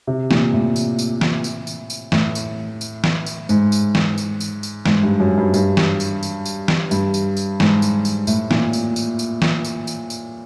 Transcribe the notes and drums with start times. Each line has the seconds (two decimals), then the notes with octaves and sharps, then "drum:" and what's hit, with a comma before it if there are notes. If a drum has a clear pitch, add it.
0.07 C3
0.31 A#2, drum: snare
0.53 A2
0.76 drum: tambourine
0.99 drum: tambourine
1.21 drum: snare
1.44 drum: tambourine
1.67 drum: tambourine
1.90 drum: tambourine
2.12 A2, drum: snare
2.35 drum: tambourine
2.81 drum: tambourine
3.04 drum: snare
3.26 drum: tambourine
3.49 G#2, drum: tambourine
3.72 drum: tambourine
3.95 drum: snare
4.18 drum: tambourine
4.40 drum: tambourine
4.63 drum: tambourine
4.86 G#2, drum: snare
5.03 G2
5.20 F#2
5.38 G2
5.54 G2, drum: tambourine
5.77 drum: snare
6.00 drum: tambourine
6.23 drum: tambourine
6.45 drum: tambourine
6.68 drum: snare
6.91 G2, drum: tambourine
7.14 drum: tambourine
7.37 drum: tambourine
7.60 G#2, drum: snare
7.82 drum: tambourine
8.05 drum: tambourine
8.27 A2, drum: tambourine
8.51 A#2, drum: snare
8.73 drum: tambourine
8.96 drum: tambourine
9.19 drum: tambourine
9.42 drum: snare
9.64 drum: tambourine
9.87 drum: tambourine
10.10 drum: tambourine